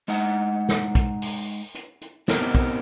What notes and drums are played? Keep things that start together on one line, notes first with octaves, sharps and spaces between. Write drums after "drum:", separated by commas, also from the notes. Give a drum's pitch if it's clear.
G#3 D#4 F#5
drum: snare
drum: kick, hi-hat
drum: open hi-hat
drum: hi-hat
drum: hi-hat
B3 C4 D#4 G4 A#4, drum: snare
drum: kick, hi-hat